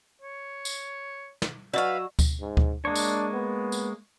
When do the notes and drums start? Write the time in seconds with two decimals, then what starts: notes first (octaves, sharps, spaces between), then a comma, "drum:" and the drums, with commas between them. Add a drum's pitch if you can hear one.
0.22 C#5
0.65 drum: tambourine
1.42 drum: snare
1.74 F#3 F#4 B4 D5 D#5 F5 E6
2.19 drum: kick D2, tambourine
2.41 G#2
2.57 drum: kick D2
2.85 G#3 A#3 D4 C#5
2.95 drum: tambourine
3.34 B3
3.72 drum: tambourine